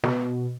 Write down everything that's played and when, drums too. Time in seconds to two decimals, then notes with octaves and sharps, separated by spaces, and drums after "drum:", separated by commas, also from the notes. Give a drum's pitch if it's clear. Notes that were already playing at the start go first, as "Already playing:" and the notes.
0.04 B2, drum: snare